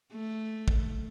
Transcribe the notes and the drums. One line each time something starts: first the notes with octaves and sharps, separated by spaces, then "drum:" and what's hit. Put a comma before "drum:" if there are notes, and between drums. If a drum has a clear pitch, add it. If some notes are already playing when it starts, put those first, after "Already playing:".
A3
drum: kick